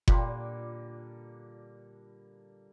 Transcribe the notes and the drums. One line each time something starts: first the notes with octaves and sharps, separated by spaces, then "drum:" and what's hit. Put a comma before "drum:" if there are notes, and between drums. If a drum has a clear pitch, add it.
A#2 D3 G3 A#3 F4 C6, drum: kick F#1